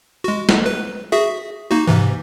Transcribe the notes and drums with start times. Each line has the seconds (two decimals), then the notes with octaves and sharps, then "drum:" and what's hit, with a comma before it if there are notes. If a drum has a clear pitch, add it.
0.24 G#3 F#4
0.49 drum: snare
0.66 B4
1.12 F#4 G#4 E5
1.71 A#3 D#4 F#4
1.87 G#2 C3 E3